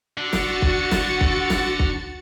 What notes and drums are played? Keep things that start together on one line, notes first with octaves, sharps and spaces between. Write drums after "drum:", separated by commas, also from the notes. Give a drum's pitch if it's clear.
D3 F#4 A6 C#7
drum: snare
drum: kick
drum: snare
drum: kick
drum: snare
drum: kick